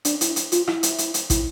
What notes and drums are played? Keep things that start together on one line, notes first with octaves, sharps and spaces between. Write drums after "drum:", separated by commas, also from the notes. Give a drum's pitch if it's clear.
D4, drum: hi-hat
E4, drum: hi-hat
drum: hi-hat
F4, drum: hi-hat
E4, drum: rim click
drum: hi-hat
drum: hi-hat
drum: hi-hat
E4, drum: kick, hi-hat